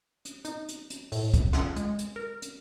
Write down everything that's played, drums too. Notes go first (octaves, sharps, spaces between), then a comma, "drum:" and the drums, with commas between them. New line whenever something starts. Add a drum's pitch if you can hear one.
drum: hi-hat
D#4, drum: hi-hat
drum: hi-hat
drum: hi-hat
A2, drum: open hi-hat
drum: kick, hi-hat
F4, drum: snare
G#3, drum: hi-hat
drum: hi-hat
A#4
drum: hi-hat